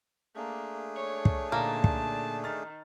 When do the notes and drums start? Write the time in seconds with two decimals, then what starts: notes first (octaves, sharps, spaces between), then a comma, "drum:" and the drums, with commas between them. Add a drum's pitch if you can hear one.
0.36 A3 A#3 D4 G#4
0.96 C#5
1.25 drum: kick
1.52 A#2 D3 A#3 D#4 A5
1.84 drum: kick
2.44 D#3 F6 A6